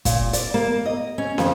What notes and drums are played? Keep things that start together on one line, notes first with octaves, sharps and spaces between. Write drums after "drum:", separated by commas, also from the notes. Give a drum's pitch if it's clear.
A#2, drum: kick, hi-hat
D5, drum: hi-hat
A#3
D#5
C#4
F2, drum: snare